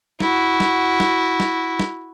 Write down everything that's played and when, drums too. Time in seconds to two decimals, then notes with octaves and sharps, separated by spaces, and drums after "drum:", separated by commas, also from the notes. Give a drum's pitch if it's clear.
0.20 E4 F#4, drum: snare
0.60 drum: snare
1.00 drum: snare
1.40 drum: snare
1.80 drum: snare